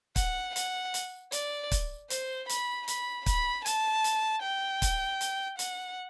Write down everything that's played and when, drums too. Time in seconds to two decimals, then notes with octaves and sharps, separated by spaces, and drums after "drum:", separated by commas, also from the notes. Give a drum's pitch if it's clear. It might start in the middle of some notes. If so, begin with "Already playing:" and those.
0.16 F#5, drum: kick, hi-hat
0.56 F#5, drum: hi-hat
0.94 drum: hi-hat
1.32 D5, drum: hi-hat
1.71 drum: kick, hi-hat
2.10 C5, drum: hi-hat
2.49 B5, drum: hi-hat
2.88 B5, drum: hi-hat
3.26 B5, drum: kick, hi-hat
3.66 A5, drum: hi-hat
4.04 drum: hi-hat
4.43 G5
4.82 drum: kick, hi-hat
5.21 drum: hi-hat
5.59 F#5, drum: hi-hat